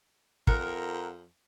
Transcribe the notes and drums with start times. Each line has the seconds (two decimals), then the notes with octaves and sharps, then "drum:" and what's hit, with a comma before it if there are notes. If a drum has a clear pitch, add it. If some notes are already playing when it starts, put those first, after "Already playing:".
0.47 F2 A#4 F#5, drum: kick